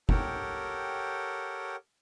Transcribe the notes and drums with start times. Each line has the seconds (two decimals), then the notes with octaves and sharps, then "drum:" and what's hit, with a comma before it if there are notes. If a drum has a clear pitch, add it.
0.09 G4 A4 A#4 C#5 F#5 G5, drum: kick